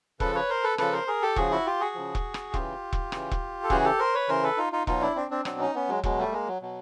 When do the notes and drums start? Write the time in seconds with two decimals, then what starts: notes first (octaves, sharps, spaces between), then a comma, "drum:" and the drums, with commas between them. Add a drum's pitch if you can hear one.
0.20 C#3 F3 A4 B4, drum: kick E1
0.35 B4 C#5
0.49 A#4 C5
0.64 A4 B4
0.78 C#3 F3 A4 B4, drum: rim click
0.93 A#4 C5
1.08 G#4 A#4
1.22 G4 A4
1.36 C#3 F3 F#4 G#4, drum: kick E1
1.51 E4 F#4
1.66 F4 G4
1.81 F#4 G#4
1.95 C#3 F3
2.15 drum: kick E1
2.34 drum: rim click
2.54 C#3 E3 F4 G4, drum: kick E1
2.93 drum: kick E1
3.12 C#3 E3, drum: rim click
3.31 drum: kick E1
3.64 A4
3.70 C#3 E3 F#4 G#4, drum: kick E1
3.84 G4 A4
3.99 A#4 C5
4.15 B4 C#5
4.29 C#3 E3 A#4 C5
4.43 A4 B4
4.57 D#4 F4
4.73 D#4 F4
4.87 B2 F#3 D#4 F4, drum: kick E1
5.01 D4 E4
5.16 C4 D4
5.31 C4 D4
5.45 B2 F#3 C4 D4, drum: rim click
5.60 C#4 D#4
5.75 B3 C#4
5.89 F#3 G#3
6.03 B2 F#3 G#3, drum: kick E1
6.18 G3 A3
6.33 G#3 A#3
6.48 F#3
6.62 B2 F#3